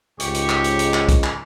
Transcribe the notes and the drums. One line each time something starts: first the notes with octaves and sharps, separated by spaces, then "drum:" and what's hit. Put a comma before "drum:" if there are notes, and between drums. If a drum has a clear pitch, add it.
C#2 G#2 G4 C#6, drum: hi-hat
drum: hi-hat
drum: clap
drum: hi-hat
drum: hi-hat
drum: clap
drum: kick, hi-hat
drum: clap